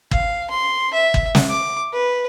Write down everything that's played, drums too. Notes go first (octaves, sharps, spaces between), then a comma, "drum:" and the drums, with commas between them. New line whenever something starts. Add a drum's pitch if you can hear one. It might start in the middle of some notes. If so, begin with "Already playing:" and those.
F5, drum: kick
C6
E5
drum: kick
drum: snare
D6
B4